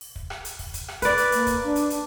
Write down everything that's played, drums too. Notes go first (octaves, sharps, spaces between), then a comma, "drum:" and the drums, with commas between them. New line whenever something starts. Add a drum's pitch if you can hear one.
drum: open hi-hat
drum: kick
drum: rim click
drum: hi-hat
drum: kick, open hi-hat
drum: kick, hi-hat
drum: rim click
B4 D5, drum: kick, hi-hat
drum: hi-hat
A#3, drum: hi-hat
drum: kick, hi-hat
D4
drum: hi-hat
drum: hi-hat